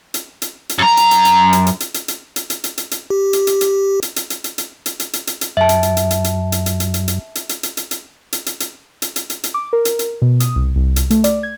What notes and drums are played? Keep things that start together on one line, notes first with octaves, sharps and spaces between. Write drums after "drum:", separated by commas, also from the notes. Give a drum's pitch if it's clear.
drum: hi-hat
drum: hi-hat
drum: hi-hat
F#2 A#5
drum: hi-hat
drum: hi-hat
drum: hi-hat
drum: hi-hat
drum: hi-hat
drum: hi-hat
drum: hi-hat
drum: hi-hat
drum: hi-hat
drum: hi-hat
drum: hi-hat
drum: hi-hat
drum: hi-hat
G4
drum: hi-hat
drum: hi-hat
drum: hi-hat
drum: hi-hat
drum: hi-hat
drum: hi-hat
drum: hi-hat
drum: hi-hat
drum: hi-hat
drum: hi-hat
drum: hi-hat
drum: hi-hat
drum: hi-hat
F#2 E5 A5
drum: hi-hat
drum: hi-hat
drum: hi-hat
drum: hi-hat
drum: hi-hat
drum: hi-hat
drum: hi-hat
drum: hi-hat
drum: hi-hat
drum: hi-hat
drum: hi-hat
drum: hi-hat
drum: hi-hat
drum: hi-hat
drum: hi-hat
drum: hi-hat
drum: hi-hat
drum: hi-hat
drum: hi-hat
drum: hi-hat
drum: hi-hat
drum: hi-hat
D6
A#4
drum: hi-hat
drum: hi-hat
B2
D#6, drum: hi-hat
C2
C2
drum: hi-hat
A3, drum: hi-hat
D5, drum: hi-hat
G#6